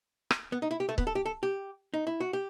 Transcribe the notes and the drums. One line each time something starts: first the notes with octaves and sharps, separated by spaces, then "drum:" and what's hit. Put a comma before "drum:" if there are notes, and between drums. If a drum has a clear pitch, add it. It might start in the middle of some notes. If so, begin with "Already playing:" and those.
drum: rim click
B3
D#4
E4
G4
A3
B3, drum: kick
A4
G4
A4
G4
D#4
E4
F#4
G4